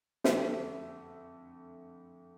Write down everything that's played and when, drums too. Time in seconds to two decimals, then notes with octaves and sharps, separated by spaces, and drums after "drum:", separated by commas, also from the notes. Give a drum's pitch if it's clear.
0.24 F2 D3 A3 E5, drum: snare